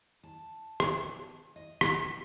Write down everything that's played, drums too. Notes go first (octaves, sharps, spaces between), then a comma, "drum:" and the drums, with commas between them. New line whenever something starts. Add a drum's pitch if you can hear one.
A5
drum: rim click
D#5
drum: rim click